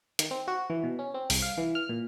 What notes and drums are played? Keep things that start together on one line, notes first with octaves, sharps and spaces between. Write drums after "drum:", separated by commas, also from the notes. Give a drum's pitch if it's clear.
D#3, drum: hi-hat
C4
F#4
E3
B2
C#4
C4
C2, drum: open hi-hat
F5
E3
F6
A#2